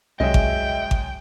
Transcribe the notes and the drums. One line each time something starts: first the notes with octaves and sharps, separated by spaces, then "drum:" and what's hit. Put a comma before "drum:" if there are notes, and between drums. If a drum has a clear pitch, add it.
C2 F#2 G#3 C#5 D#5 E5 G5
drum: kick G#1
drum: kick G#1